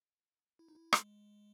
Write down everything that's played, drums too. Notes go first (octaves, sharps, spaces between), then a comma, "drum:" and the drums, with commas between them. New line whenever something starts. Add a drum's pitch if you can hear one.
E4
D#4
E4
G#3, drum: rim click